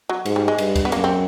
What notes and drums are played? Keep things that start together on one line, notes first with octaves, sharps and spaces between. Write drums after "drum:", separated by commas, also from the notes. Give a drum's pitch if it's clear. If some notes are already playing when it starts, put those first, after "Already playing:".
F#3
G#2, drum: cymbal
G3
G#3
G2, drum: cymbal
drum: kick C2, cymbal
B3
F#2 A#3, drum: cymbal
C4